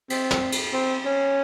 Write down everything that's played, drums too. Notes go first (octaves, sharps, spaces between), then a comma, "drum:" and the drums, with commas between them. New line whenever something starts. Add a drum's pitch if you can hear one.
C4, drum: cymbal
drum: snare
drum: cymbal
C4
C#4